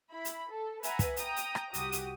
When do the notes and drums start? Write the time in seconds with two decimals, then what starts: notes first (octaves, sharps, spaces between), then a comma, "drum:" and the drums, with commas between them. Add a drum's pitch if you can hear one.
0.11 E4 B5
0.25 drum: hi-hat
0.50 A4
0.83 B4 E5 F#5 G#5 A#5, drum: hi-hat
0.99 drum: kick, hi-hat
1.16 G5 A#5 D#6, drum: hi-hat
1.36 drum: hi-hat
1.55 drum: rim click
1.74 C2 F#4 G4 D#6, drum: hi-hat
1.92 drum: hi-hat